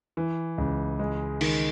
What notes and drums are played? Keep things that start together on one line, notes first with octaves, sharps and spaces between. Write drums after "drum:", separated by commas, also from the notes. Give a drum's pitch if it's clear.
E3
C#2
G#3
D#3, drum: cymbal